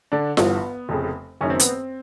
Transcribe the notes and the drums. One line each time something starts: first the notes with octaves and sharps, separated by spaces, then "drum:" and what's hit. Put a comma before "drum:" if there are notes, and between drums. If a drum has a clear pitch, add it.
D3 D4
G1 G2 E3 B3, drum: snare F4
F1 F2 C#3
F#1 F#2 D#3 C#4
C4
B3, drum: hi-hat
C4